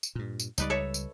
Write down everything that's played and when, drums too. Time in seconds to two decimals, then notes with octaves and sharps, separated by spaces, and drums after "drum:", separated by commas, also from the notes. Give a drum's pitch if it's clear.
0.03 drum: tambourine
0.15 G2 A#2
0.40 drum: tambourine
0.58 C#2 G3 D#4 B4 D5, drum: tambourine
0.70 A4 C#5 E5
0.94 drum: tambourine